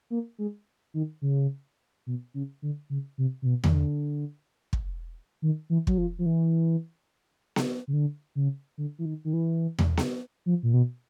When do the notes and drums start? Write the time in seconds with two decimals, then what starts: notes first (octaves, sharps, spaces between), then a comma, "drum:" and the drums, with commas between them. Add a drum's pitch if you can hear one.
0.10 A#3
0.38 G#3
0.94 D#3
1.22 C#3
2.06 B2
2.34 C#3
2.62 D3
2.90 C#3
3.18 C3
3.42 C3
3.46 B2
3.64 D#3, drum: tom E2
3.74 D3
4.73 drum: kick
5.42 D#3
5.70 E3
5.87 F#3, drum: kick
5.98 F3
6.19 F3
6.26 E3
7.56 drum: snare B3
7.87 C#3
7.93 D3
8.35 C#3
8.78 D3
8.99 E3
9.05 D#3
9.24 D#3
9.33 E3
9.79 drum: tom E2
9.97 drum: snare B3
10.46 F3
10.63 A#2
10.74 B2